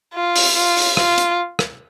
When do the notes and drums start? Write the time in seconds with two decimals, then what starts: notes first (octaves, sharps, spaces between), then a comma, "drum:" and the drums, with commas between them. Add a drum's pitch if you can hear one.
0.14 F4
0.36 drum: open hi-hat
0.56 F4
0.77 drum: open hi-hat
0.97 F4, drum: rim click
1.18 drum: hi-hat
1.59 drum: rim click